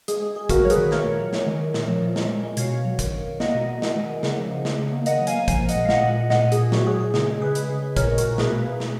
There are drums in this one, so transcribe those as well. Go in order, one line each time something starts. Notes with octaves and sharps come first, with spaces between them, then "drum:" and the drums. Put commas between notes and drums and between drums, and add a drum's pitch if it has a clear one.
G#3 G#4, drum: hi-hat
G#3 G#4
G#3 G#4
A#3 F#4 A#4, drum: kick, hi-hat
F#3 C#5
G#4 B4, drum: hi-hat
D#3
A#3 A#4 C#5, drum: snare
A#2
F#3
G#3, drum: snare
D#3
D#3
A#2, drum: snare
F3
A#2
G#3, drum: snare
A#2
G#3
B2 C#5 F5, drum: hi-hat
B2
F#3
D#3, drum: kick, hi-hat
D#3
D#3
A#3 D#5 F#5, drum: snare
B2
B2
G#3, drum: snare
D#3
D#3
C#3, drum: snare
F3
C#3
C#3, drum: snare
C#3
A#3
D#3 D#5 F#5, drum: hi-hat
F#3
F5 G#5, drum: hi-hat
A#3
F3 F5 G#5, drum: kick, hi-hat
A#2
D#5 F#5, drum: hi-hat
G#3
F5
G#3 D#5 F#5, drum: snare
A#2
A#2
A#2 D#5 F#5, drum: snare
A#2
G#4, drum: hi-hat
A#2
F#3 F#4, drum: snare
F#3 G#4
A#2 G#4
C#3 G#4, drum: snare
G#3
C#3 G#4 B4
G#3, drum: hi-hat
C#3
G#3
A#2 A#4 C#5, drum: kick, hi-hat
G#3
F#4 A#4, drum: hi-hat
A#2
B2 G#4 B4, drum: snare
A#3
A#3
B2, drum: snare